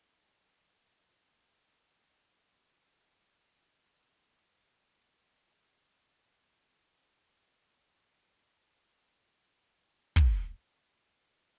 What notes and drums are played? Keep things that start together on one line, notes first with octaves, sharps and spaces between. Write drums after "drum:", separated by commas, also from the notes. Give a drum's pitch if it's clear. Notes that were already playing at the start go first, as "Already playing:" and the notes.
Already playing: A2 C4 F#4 C5 D5
D4
D#4
F#4
G4
A4
A#4
C5
A2 C5
D5
C5
D5
C5
A2
F#4
D4
D#4
G4
A#4
D5
D5
A#2 C5
A4
A#4
C5
D5
C5
A4
G4
drum: kick